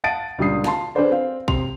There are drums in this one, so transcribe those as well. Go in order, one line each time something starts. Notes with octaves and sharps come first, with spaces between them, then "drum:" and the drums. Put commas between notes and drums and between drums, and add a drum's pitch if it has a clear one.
F5 F#5 A5 A6 D7 D#7
C#2 A#2 G3 D4 D#6 C7
F5 A5 C6, drum: snare
D4 G#4 A4 B4 C5 D5
C4 F5
C3 C6 F7, drum: kick